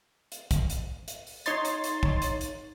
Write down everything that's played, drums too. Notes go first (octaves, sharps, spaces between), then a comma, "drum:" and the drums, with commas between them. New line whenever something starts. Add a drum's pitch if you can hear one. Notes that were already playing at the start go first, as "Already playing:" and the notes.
drum: hi-hat
drum: kick, hi-hat
drum: hi-hat
drum: hi-hat
drum: open hi-hat
D#4 C#5 C6 A6, drum: hi-hat
drum: hi-hat
drum: hi-hat
drum: kick
drum: hi-hat
drum: hi-hat